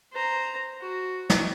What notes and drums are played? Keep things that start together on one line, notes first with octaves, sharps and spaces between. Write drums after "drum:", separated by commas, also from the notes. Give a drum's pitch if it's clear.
C5 A#5
F#4
drum: snare